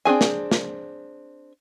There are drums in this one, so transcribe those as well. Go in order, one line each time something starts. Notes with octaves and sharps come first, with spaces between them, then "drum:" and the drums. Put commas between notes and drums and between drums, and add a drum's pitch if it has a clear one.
C4 D4 G#4 G#5
drum: snare
drum: snare